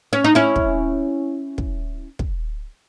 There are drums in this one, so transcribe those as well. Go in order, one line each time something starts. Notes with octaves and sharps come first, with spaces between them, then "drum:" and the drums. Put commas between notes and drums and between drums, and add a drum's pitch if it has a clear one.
C#4
D#4
C#4 E4
drum: kick
drum: kick
drum: kick